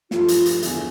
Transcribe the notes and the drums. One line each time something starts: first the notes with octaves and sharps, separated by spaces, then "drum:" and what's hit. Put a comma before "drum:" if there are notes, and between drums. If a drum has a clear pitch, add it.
G2 F3 A3 F4, drum: snare
drum: hi-hat
drum: hi-hat
E2 D3 A3 E4, drum: hi-hat